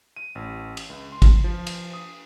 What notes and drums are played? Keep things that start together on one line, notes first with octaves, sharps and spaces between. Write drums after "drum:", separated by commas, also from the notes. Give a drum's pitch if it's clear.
D#7
A1
drum: cymbal
C#2
C6
drum: kick, cymbal
F3
drum: cymbal
D#6